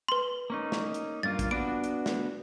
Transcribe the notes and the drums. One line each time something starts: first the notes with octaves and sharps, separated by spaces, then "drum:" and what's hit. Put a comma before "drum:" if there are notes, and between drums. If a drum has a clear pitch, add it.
B4 C6
A#3 C#4 D#4
drum: snare
drum: hi-hat
G2 A#3 F4 A6
drum: kick, hi-hat
B3 D4 F#4 D7
drum: hi-hat
drum: snare